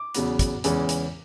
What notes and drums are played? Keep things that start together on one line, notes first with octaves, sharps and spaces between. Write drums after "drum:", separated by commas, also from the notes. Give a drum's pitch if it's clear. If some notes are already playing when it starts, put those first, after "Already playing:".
Already playing: D6
E2 C#3 F#3 B3, drum: hi-hat
drum: kick, hi-hat
E2 C#3 E3 G#3 C#4, drum: hi-hat
drum: hi-hat